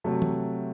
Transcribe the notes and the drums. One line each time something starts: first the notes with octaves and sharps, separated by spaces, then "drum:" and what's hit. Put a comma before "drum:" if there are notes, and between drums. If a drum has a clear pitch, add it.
C3 F#3 A3
drum: tom E3